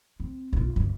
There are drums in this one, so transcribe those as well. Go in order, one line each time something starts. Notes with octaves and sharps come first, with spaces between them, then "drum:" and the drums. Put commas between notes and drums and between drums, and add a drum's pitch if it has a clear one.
C4
B1 F4, drum: kick
G1 D2, drum: kick